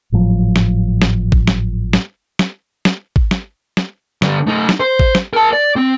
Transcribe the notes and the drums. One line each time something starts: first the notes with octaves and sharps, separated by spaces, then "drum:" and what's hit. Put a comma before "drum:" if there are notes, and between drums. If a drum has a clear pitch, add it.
G#1 A2 F3 F#3
drum: snare
drum: snare
drum: kick G#1
drum: snare
drum: snare
drum: snare
drum: snare
drum: kick G#1
drum: snare
drum: snare
D3 G3, drum: snare
A3 D#4
drum: snare
C5
drum: kick G#1
drum: snare
A#4 A5
D5
C4